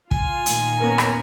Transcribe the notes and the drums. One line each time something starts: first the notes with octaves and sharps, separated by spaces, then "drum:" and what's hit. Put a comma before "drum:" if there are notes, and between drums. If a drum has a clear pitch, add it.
F4 G#5, drum: kick
A#2 D#3, drum: hi-hat
A#3 B3 C#4 A#4
drum: rim click